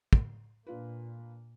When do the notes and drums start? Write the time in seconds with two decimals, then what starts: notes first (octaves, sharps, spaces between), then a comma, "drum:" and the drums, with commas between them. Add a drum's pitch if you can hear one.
0.13 drum: kick
0.67 A#2 A#3 D4 F4 B4